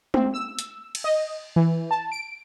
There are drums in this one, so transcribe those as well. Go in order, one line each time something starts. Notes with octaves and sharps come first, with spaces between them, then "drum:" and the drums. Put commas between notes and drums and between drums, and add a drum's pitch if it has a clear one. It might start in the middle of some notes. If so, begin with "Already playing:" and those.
C4, drum: tom G#3
E6
drum: hi-hat
drum: cymbal
D#5
E3
A5
D7